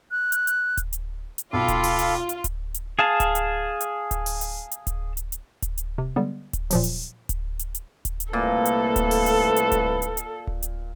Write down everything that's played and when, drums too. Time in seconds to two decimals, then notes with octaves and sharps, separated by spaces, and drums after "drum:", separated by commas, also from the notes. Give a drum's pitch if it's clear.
0.11 F#6
0.32 drum: hi-hat
0.47 drum: hi-hat
0.77 drum: kick D1, hi-hat
0.93 drum: hi-hat
1.38 drum: hi-hat
1.53 B1 F4 A4 F5 G5 B5 D6
1.68 drum: kick D1, hi-hat
1.84 drum: open hi-hat
1.99 drum: hi-hat
2.29 drum: hi-hat
2.44 drum: kick D1, hi-hat
2.74 drum: hi-hat
2.99 G#4 F5 A5
3.20 drum: kick D1, hi-hat
3.35 drum: hi-hat
3.81 drum: hi-hat
4.11 drum: kick D1, hi-hat
4.26 drum: open hi-hat
4.41 drum: hi-hat
4.71 drum: hi-hat
4.87 drum: kick D1, hi-hat
5.17 drum: hi-hat
5.32 drum: hi-hat
5.62 drum: kick D1, hi-hat
5.78 drum: hi-hat
5.98 C3
6.16 D3 G3 G#3 B3
6.53 drum: kick D1, hi-hat
6.71 A#2 F3 F#3, drum: open hi-hat
6.84 drum: hi-hat
7.29 drum: kick D1, hi-hat
7.59 drum: hi-hat
7.75 drum: hi-hat
8.05 drum: kick D1, hi-hat
8.20 drum: hi-hat
8.33 C2 A#2 A3 A4 B4
8.65 drum: hi-hat
8.96 drum: kick D1, hi-hat
9.11 drum: open hi-hat
9.26 drum: hi-hat
9.56 drum: hi-hat
9.72 drum: kick D1, hi-hat
10.02 drum: hi-hat
10.17 drum: hi-hat
10.47 drum: kick D1
10.63 drum: hi-hat